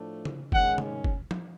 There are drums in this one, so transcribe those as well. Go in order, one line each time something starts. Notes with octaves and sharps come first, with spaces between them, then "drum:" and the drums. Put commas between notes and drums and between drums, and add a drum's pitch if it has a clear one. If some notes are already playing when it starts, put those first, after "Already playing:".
Already playing: A2 F3 A3 D4
drum: tom C#3
G#2 D#3 G#3 C#4 F#5, drum: kick
drum: tom C3
drum: kick
drum: tom F3